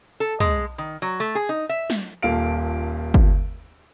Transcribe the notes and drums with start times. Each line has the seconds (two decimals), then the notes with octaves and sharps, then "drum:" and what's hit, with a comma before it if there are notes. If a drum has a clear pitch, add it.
0.20 A4
0.40 G#3, drum: tom
0.78 D#3
1.02 F#3
1.20 A3
1.35 G#4
1.49 D#4
1.69 E5
1.90 drum: snare
2.23 D#1 A#2 A4 F5 D7
3.14 drum: kick G1